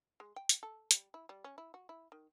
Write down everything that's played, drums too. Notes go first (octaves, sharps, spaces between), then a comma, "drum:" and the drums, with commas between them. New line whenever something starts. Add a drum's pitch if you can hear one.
G#3
G5
drum: hi-hat
A4
G3, drum: hi-hat
E4
G3
C#4
E4
F#4
E4
D#3